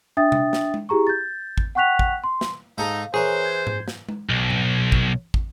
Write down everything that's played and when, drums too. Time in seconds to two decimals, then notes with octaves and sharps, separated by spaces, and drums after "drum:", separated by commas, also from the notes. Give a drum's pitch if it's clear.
0.17 D4 E5 G5 D#6 A6
0.32 drum: tom C3
0.53 drum: snare
0.74 drum: tom G#3
0.89 E4 G4 G#4 A#5 C#6
1.07 G6 A6
1.58 drum: kick
1.75 F#5 G5 C#6 F#6 B6 F7
1.99 drum: kick
2.24 C6
2.41 drum: snare
2.78 G#2 D#4 A4 F5 A#5
3.14 E3 G#4 A#4 C5 C#5 A#5 C#6
3.45 G6 G#6
3.67 drum: tom G#2
3.88 drum: snare
4.09 drum: tom G#3
4.29 B1
4.50 drum: tom G#2
4.92 drum: kick
5.34 drum: kick